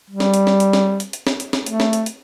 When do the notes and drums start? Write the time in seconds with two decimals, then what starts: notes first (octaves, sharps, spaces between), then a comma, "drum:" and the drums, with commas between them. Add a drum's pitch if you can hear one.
0.10 G3
0.20 drum: snare
0.34 drum: hi-hat
0.47 drum: snare
0.60 drum: hi-hat
0.73 drum: snare
1.00 drum: hi-hat
1.13 drum: hi-hat
1.27 drum: snare
1.40 drum: hi-hat
1.53 drum: snare
1.66 A3, drum: hi-hat
1.80 drum: snare
1.93 drum: hi-hat
2.06 drum: hi-hat